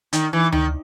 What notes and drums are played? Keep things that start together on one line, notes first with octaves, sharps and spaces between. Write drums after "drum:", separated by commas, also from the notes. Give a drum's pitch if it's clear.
D#3, drum: hi-hat
E3
D#3, drum: tom D2